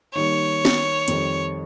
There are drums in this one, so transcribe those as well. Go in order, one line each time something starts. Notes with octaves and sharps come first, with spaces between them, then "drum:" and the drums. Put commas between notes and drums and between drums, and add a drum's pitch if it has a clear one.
D#3 G3 A#3 D#4 C#5
drum: snare
F2 D#3 G3 C4, drum: hi-hat